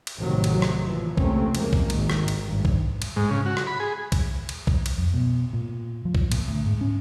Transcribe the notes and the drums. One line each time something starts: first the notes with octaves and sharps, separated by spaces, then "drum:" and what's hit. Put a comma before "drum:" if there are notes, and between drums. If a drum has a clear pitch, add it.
drum: cymbal
A1 F2 C3 D#3 E3 F#3
drum: cymbal
drum: rim click
A#2 E3 F3
C#2 C3 A3 A#3 C4 C#4, drum: kick B1
F#2 C3 F3 G#3 A#3, drum: cymbal
drum: kick B1
G#1 D#3, drum: cymbal
drum: rim click
drum: cymbal
G#1 G2
drum: kick B1
drum: cymbal
G#2
C#3
F#4
drum: rim click
B5
G#4
drum: kick B1, cymbal
drum: cymbal
drum: kick B1
drum: cymbal
F2
B2
A#2
F3
drum: kick B1
A#2, drum: cymbal
D2
G#2
C#4